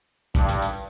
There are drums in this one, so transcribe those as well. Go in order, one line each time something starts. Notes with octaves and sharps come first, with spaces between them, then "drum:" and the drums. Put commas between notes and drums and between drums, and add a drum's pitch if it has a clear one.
G2, drum: kick, hi-hat
drum: hi-hat
drum: hi-hat